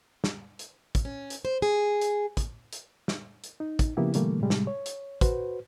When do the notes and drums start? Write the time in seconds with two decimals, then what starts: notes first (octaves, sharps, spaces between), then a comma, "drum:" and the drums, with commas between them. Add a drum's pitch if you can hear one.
0.24 drum: snare
0.59 drum: hi-hat
0.95 drum: kick, hi-hat
1.05 C#4
1.30 drum: hi-hat
1.45 C5
1.62 G#4
2.01 drum: hi-hat
2.37 drum: kick, hi-hat
2.73 drum: hi-hat
3.08 drum: snare
3.44 drum: hi-hat
3.60 D#4
3.79 drum: kick, hi-hat
3.97 C#3 F3 A#3 B3 E4 G4
4.14 B2 D3 E3 G3 A3 A#3, drum: hi-hat
4.41 A2 C3 G3 G#3
4.50 drum: snare
4.67 C#5
4.86 drum: hi-hat
5.21 F#4 B4 C5, drum: kick, hi-hat